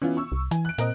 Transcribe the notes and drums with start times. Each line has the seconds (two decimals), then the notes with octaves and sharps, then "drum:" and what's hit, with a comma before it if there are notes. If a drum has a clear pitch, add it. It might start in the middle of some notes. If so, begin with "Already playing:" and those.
0.02 E3 B3 C#4 F4
0.17 C#6 E6
0.32 C2
0.51 E3 G#5, drum: hi-hat
0.65 F#6 D7
0.78 A#2 C4 A#4 D#5, drum: hi-hat